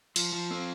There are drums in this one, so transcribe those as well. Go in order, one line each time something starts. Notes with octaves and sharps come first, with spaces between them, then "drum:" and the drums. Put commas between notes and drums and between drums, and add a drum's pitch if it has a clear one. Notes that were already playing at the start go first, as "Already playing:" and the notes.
F3, drum: cymbal
F3
C4